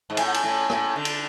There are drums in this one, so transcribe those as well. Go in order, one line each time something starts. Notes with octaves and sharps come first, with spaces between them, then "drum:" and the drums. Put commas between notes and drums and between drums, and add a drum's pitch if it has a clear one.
G#2
A2 G#5, drum: cymbal
F#5
G#5, drum: cymbal
A2
A2, drum: rim click
D3
drum: cymbal